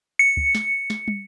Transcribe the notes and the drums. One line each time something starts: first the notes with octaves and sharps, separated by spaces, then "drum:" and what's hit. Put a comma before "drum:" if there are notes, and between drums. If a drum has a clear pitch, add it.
C#7
drum: kick
drum: snare
drum: snare
drum: tom